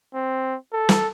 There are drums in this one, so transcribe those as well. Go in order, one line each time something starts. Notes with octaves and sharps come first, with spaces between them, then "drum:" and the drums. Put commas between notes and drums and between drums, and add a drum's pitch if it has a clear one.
C4
A4
drum: snare